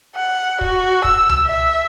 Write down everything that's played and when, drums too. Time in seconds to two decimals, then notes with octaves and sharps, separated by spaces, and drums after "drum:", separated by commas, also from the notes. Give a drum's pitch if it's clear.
0.16 F#5
0.61 F#4, drum: kick
1.04 E6, drum: kick
1.29 drum: tom C#2
1.46 E5